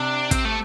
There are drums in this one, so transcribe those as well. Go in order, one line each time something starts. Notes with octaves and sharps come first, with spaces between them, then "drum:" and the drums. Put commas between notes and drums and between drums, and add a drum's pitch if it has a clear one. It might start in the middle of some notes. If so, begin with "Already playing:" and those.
Already playing: C3 D4
C4, drum: kick, hi-hat
A3